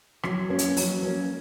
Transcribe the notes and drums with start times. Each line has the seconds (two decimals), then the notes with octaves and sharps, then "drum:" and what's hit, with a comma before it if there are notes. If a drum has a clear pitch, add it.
0.23 F#3, drum: rim click
0.49 A#3 C#4
0.59 drum: hi-hat
0.77 F#3, drum: open hi-hat
1.03 A#3 C#4